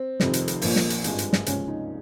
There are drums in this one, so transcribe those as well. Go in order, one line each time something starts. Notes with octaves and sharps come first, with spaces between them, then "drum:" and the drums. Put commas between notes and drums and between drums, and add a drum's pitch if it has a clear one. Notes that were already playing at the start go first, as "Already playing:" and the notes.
Already playing: C4
F1 F2 C3 D#3, drum: snare
drum: hi-hat
drum: hi-hat
A#1 A#2 F3 A#3, drum: open hi-hat
drum: snare
drum: hi-hat
G#1 G2 F3 G#3, drum: hi-hat
drum: hi-hat
drum: snare
C#2 C3 F3 G#3 C#4, drum: hi-hat
D#4